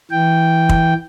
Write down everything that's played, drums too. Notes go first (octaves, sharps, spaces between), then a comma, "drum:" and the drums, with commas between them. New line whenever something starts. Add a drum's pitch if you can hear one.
E3 G5
drum: kick